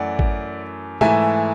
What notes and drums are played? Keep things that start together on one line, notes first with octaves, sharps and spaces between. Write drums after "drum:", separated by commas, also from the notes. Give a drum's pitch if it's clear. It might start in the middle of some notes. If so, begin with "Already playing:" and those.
Already playing: F#2 E3 A3 D5 F#5
drum: kick G#1
G#2 E3 A3 E5 G#5, drum: tom